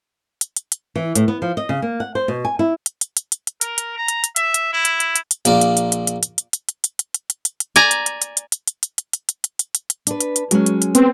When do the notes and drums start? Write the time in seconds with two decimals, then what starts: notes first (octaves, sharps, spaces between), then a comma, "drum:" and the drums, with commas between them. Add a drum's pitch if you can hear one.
0.41 drum: hi-hat
0.56 drum: hi-hat
0.72 drum: hi-hat
0.95 E3
1.15 A2, drum: hi-hat
1.28 B3
1.42 F3
1.57 D#5
1.69 C#3
1.82 A#3
2.00 F#5
2.15 C5
2.28 B2
2.45 G#5
2.59 E4
2.86 drum: hi-hat
3.01 drum: hi-hat
3.17 drum: hi-hat
3.32 drum: hi-hat
3.47 drum: hi-hat
3.61 A#4, drum: hi-hat
3.78 drum: hi-hat
3.97 A#5
4.08 drum: hi-hat
4.24 drum: hi-hat
4.36 E5, drum: hi-hat
4.54 drum: hi-hat
4.73 E4
4.85 drum: hi-hat
5.00 drum: hi-hat
5.16 drum: hi-hat
5.31 drum: hi-hat
5.45 A#1 A#3 D5 F5, drum: hi-hat
5.61 drum: hi-hat
5.77 drum: hi-hat
5.92 drum: hi-hat
6.07 drum: hi-hat
6.23 drum: hi-hat
6.38 drum: hi-hat
6.53 drum: hi-hat
6.69 drum: hi-hat
6.84 drum: hi-hat
6.99 drum: hi-hat
7.14 drum: hi-hat
7.30 drum: hi-hat
7.45 drum: hi-hat
7.60 drum: hi-hat
7.76 D5 G#5 A#5, drum: hi-hat
7.91 drum: hi-hat
8.06 drum: hi-hat
8.22 drum: hi-hat
8.37 drum: hi-hat
8.52 drum: hi-hat
8.67 drum: hi-hat
8.83 drum: hi-hat
8.98 drum: hi-hat
9.13 drum: hi-hat
9.29 drum: hi-hat
9.44 drum: hi-hat
9.59 drum: hi-hat
9.75 drum: hi-hat
9.90 drum: hi-hat
10.07 D4 B4, drum: hi-hat
10.20 drum: hi-hat
10.36 drum: hi-hat
10.51 F#3 G#3 C#4, drum: hi-hat
10.66 drum: hi-hat
10.82 drum: hi-hat
10.95 B3 C4, drum: hi-hat